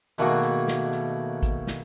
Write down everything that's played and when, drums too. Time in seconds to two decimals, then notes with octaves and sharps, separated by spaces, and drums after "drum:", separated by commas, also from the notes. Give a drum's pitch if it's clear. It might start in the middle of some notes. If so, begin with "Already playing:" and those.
0.18 B2 D#3 A3 A#3 F#4 G#4, drum: hi-hat
0.43 drum: hi-hat
0.68 drum: snare
0.93 drum: hi-hat
1.43 drum: kick G#1, hi-hat
1.67 drum: snare